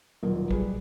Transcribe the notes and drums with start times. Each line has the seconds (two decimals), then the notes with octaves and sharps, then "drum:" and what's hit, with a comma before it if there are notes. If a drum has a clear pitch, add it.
0.23 D#1 B1 A#2 F#3 A#4
0.51 G3 G#4 B4, drum: kick